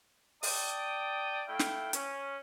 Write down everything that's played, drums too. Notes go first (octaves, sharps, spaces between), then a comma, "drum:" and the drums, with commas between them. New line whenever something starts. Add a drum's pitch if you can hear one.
D5 G5 A5 D#6, drum: open hi-hat
A3 E4 F5 G5
drum: snare
C#4, drum: hi-hat